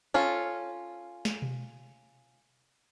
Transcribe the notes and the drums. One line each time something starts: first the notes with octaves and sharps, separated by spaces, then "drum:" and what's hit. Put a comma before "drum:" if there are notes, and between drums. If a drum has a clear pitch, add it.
C#4 F4 A4
drum: snare
drum: tom B2